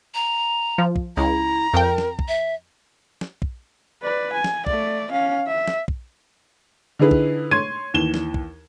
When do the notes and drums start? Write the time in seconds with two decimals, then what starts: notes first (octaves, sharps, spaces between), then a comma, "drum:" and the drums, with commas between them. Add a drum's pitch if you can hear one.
0.15 A#5
0.78 F3
0.96 drum: kick
1.17 C#2 E4 A#5
1.74 F2 A#4 G5
1.98 drum: snare
2.19 drum: kick
2.28 E5
3.21 drum: snare
3.42 drum: kick
4.02 B4 D5
4.33 G#5
4.44 drum: snare
4.67 A3 D5, drum: kick
5.12 C#4 F5
5.47 E5
5.68 drum: snare
5.88 drum: kick
6.99 D3 D#4 E4 G#4 B4
7.11 drum: kick
7.51 C#5 C6 G#6 D#7
7.94 D#2 E3 E7 G7
8.14 drum: snare
8.34 drum: kick